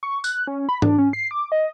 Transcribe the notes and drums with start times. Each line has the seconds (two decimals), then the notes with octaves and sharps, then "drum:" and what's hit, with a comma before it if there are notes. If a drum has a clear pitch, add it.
0.03 C#6
0.24 F#6, drum: tambourine
0.47 C#4
0.69 B5
0.82 D4, drum: tom G#2
0.98 C#4
1.13 C7
1.31 D6
1.52 D#5